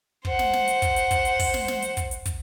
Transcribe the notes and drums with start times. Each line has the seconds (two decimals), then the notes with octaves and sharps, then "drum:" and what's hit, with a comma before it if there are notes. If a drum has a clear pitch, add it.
0.25 C5 F#5, drum: kick
0.39 drum: snare
0.53 drum: snare
0.68 drum: hi-hat
0.82 drum: kick, hi-hat
0.96 drum: hi-hat
1.11 drum: kick, hi-hat
1.25 drum: hi-hat
1.39 drum: kick, open hi-hat
1.54 drum: snare
1.68 drum: snare
1.83 drum: hi-hat
1.97 drum: kick, hi-hat
2.11 drum: hi-hat
2.26 drum: kick, hi-hat